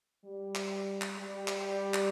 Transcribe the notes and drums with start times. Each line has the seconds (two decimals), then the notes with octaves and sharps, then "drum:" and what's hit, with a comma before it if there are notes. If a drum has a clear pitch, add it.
0.25 G3
0.55 drum: clap
1.01 drum: clap
1.17 G3
1.48 drum: clap
1.94 drum: clap